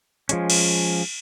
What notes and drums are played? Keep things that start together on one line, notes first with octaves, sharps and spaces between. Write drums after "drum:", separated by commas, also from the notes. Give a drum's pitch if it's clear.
F3 G#3 C#4, drum: hi-hat
drum: cymbal